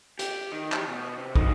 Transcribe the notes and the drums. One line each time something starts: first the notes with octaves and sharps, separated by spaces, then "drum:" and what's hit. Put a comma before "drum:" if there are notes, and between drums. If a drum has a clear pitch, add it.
G4, drum: hi-hat
D#3
E3 G4, drum: clap
B2
C3
D#4 F#4, drum: kick